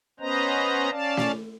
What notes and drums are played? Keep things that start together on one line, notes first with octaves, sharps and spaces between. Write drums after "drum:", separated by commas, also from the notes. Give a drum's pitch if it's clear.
B3 C#4 B4 C5 D#5 A#5
C#4 D5 F5 A5
drum: snare